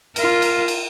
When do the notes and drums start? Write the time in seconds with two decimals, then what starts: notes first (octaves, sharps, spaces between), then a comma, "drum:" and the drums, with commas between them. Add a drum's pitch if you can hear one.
0.16 F4 A#4, drum: cymbal
0.42 drum: cymbal
0.68 drum: cymbal